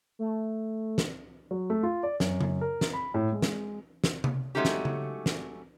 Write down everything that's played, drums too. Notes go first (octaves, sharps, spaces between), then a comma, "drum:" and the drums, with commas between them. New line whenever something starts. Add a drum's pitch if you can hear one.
A3
drum: snare
F#3
A3
F4
D5
F#2, drum: snare
drum: tom C#3
A#4
drum: snare
B5
A2
G#3
drum: snare
drum: snare
drum: tom C3
F#3 G#3 A3 C#4 D#4 G4
drum: snare
drum: tom C#3
drum: snare